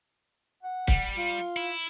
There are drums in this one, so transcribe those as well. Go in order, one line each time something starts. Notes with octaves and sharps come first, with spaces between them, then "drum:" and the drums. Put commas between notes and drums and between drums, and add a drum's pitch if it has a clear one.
F#5
G3, drum: kick
F4
E4